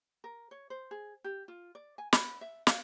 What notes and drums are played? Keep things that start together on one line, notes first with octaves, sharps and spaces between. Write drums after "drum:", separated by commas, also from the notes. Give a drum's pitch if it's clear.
A#4
C#5
C5
G#4
G4
F4
D5
G#5
B5, drum: snare
E5
F5, drum: snare